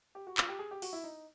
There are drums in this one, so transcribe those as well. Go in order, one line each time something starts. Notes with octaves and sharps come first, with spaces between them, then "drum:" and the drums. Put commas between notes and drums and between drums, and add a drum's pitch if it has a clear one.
G4
F#4
F4, drum: clap
G4
G#4
G4
F#4, drum: open hi-hat
E4
D#4